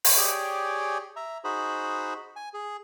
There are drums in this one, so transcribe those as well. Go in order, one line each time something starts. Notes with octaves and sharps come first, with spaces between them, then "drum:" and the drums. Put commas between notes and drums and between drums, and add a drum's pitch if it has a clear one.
drum: open hi-hat
G4 G#4 C#5 D5 G5 G#5
E5 A#5
D#4 F#4 G#4 C5 B5
G#5
G#4